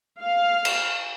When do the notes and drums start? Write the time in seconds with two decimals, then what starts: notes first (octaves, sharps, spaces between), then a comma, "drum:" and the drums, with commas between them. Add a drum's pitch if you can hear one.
0.22 F5
0.65 drum: cymbal